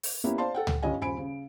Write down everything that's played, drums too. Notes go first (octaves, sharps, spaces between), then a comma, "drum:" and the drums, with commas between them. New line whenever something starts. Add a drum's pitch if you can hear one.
drum: open hi-hat
A#3 B3 C#4 E4 G4
C5 D5 F5 A5 C6
A4 F#5 G5
drum: tom C#2
G1 G3 C#4 D#5 G#5
D#1 C#3 C5 G#5 B5 D7
C#3